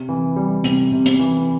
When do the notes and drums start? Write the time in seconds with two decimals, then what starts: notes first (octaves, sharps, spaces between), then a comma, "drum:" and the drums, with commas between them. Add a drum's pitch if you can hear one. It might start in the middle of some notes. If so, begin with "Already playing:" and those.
Already playing: C3
0.09 E3
0.36 G3
0.64 C3, drum: hi-hat
0.92 C3
1.06 drum: hi-hat
1.20 E3